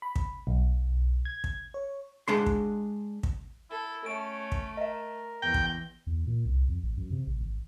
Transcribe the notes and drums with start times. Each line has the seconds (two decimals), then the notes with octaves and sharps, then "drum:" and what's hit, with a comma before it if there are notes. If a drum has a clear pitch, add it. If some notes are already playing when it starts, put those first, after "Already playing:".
0.02 B5
0.16 drum: kick
0.47 B1
1.25 G#6
1.44 drum: kick
1.74 C#5
2.28 G#3 D4 C6
2.46 drum: kick
3.23 drum: kick
3.70 E4 A4
4.06 A3 C#4 D7
4.52 drum: kick
4.77 A#4 D#5 E5
5.42 E2 G5 A#6
5.54 drum: kick
6.07 E2
6.27 A#2
6.45 C2
6.68 F2
6.83 A1
6.97 F#2
7.12 C3
7.27 A1
7.41 G#1